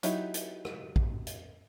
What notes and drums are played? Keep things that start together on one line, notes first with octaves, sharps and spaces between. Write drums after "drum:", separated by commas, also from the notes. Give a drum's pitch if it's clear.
F#3 D#4 E4 G4, drum: hi-hat
drum: hi-hat
drum: rim click
drum: kick A#1
drum: hi-hat